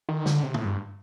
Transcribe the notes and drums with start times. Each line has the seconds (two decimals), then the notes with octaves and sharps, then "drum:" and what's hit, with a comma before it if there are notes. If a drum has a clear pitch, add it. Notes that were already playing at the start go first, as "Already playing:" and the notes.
0.09 D#3
0.26 D3, drum: snare
0.43 C3
0.54 A2, drum: tom
0.65 G2